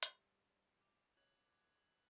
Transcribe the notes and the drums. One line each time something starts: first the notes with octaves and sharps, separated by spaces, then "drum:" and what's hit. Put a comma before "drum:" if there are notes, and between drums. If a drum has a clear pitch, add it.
G3 A4 C5, drum: hi-hat
D6
C#5 D#5 F#6 G#6 F#7